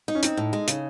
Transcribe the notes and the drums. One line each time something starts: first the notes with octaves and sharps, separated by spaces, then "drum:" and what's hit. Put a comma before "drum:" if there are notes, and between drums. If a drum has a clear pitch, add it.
D#4
C#4
C4 D#4, drum: hi-hat
A2
G#3
C#3, drum: hi-hat